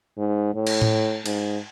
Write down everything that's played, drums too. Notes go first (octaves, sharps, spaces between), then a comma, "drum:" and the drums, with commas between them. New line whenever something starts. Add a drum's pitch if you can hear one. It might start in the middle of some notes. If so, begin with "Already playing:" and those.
G#2
A2
drum: cymbal
drum: tom A2
G#2, drum: cymbal